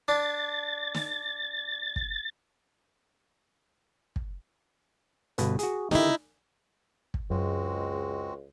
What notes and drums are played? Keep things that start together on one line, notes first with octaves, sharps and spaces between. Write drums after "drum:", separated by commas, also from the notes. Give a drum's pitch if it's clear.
D4 A6
drum: snare
drum: kick
drum: kick
G1 B2 B4, drum: hi-hat
F#4 G#4, drum: hi-hat
D3 D#3 D#4 E4 G4, drum: snare
drum: kick
C#2 F#2 G#3 C4 F#4